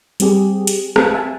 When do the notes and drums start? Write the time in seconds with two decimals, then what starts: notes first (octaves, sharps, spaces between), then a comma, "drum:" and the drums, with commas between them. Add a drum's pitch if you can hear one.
0.20 G3 C4 G4 G#4, drum: hi-hat
0.67 drum: hi-hat
0.96 C4 B4 F5, drum: rim click
1.14 E5 G#5 A5